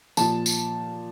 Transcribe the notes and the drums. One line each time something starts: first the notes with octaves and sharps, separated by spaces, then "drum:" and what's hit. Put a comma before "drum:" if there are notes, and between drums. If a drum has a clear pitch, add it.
A#2 F3 A5, drum: tambourine
drum: tambourine